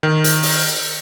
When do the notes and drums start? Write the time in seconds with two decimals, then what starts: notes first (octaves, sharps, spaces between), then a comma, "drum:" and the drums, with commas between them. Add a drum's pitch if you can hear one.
0.03 D#3
0.24 drum: hi-hat
0.43 drum: open hi-hat